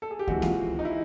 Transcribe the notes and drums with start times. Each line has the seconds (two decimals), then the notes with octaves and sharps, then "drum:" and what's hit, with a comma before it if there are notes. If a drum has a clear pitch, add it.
0.02 A4
0.11 G#4
0.19 G4
0.27 E3 G#3 C4 F#4, drum: kick C#2
0.42 F4, drum: snare A#3
0.79 D#4
0.85 E4